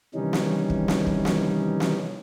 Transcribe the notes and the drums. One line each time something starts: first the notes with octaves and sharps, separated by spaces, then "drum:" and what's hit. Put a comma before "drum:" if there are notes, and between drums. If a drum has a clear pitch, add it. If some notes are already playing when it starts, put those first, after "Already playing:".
C3 D#3 E3 G3 C#4 D#4
drum: snare
drum: kick
drum: snare
drum: kick
drum: snare
drum: snare